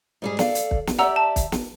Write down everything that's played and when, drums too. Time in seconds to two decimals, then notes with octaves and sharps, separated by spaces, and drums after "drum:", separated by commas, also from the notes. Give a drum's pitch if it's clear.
0.22 G#2 G3 G#4
0.39 A4 D5 F5, drum: snare
0.55 drum: hi-hat
0.71 drum: kick
0.87 drum: snare
0.99 G4 D5 E5 F#5 A#5 E6
1.16 A5
1.36 drum: kick, hi-hat
1.52 drum: snare